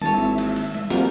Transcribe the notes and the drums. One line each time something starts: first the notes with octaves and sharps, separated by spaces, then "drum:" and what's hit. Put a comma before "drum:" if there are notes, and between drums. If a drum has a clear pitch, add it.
E1 D#2 E3 C#5 A5, drum: tom G3
G#1 E5
drum: cymbal
drum: cymbal
drum: tom G3
F2 A#3 F#4 G4 A#4, drum: snare